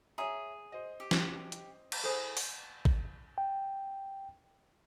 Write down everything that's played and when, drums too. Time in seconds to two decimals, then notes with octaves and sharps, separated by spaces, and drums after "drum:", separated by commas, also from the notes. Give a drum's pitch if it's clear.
0.18 G#4 C#5 E5 A#5
0.72 C5 D#5
1.00 G4
1.11 drum: snare
1.52 drum: hi-hat
1.92 drum: cymbal
2.04 E4 G#4 A4 C5 B5
2.37 drum: open hi-hat
2.85 drum: kick A1
3.38 G5